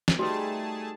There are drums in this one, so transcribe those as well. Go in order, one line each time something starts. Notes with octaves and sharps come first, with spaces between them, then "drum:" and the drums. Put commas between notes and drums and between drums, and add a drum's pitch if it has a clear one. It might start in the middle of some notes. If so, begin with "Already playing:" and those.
drum: snare
G3 A3 D#4 F#4 G#4 B4 D5 A5